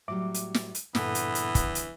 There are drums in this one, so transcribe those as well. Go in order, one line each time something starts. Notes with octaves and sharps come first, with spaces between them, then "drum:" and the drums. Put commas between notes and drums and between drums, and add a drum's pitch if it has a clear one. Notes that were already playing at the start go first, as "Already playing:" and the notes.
A2 F#3 G3 E5 D6
drum: hi-hat
drum: snare
drum: hi-hat
G2 A#2 D3 E3 B3 A4, drum: snare
drum: hi-hat
drum: hi-hat
drum: kick, hi-hat
drum: hi-hat